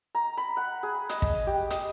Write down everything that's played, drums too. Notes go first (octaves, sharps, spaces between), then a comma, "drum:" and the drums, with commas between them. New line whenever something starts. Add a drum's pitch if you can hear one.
A#5
B5
F#5
G#4
D#5, drum: hi-hat
drum: kick
G4
D#5, drum: hi-hat